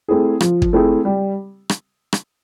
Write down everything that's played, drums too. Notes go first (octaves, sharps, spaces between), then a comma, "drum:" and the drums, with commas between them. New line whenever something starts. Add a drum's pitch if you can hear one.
A3 C4 E4 G#4
F3, drum: rim click
drum: kick
A3 C4 E4 G#4
G3
drum: rim click
drum: rim click